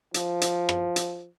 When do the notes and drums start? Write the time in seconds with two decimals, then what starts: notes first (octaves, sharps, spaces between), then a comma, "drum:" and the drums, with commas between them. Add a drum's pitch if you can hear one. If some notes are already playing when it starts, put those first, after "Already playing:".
0.14 F3, drum: hi-hat
0.41 drum: hi-hat
0.69 drum: rim click
0.96 drum: hi-hat